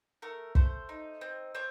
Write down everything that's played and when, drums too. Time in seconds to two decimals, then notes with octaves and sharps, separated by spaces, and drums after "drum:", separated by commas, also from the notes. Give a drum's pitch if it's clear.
0.22 A3 A#4
0.55 A3 C5, drum: kick
0.89 D#4
1.21 C4
1.55 C4 C#5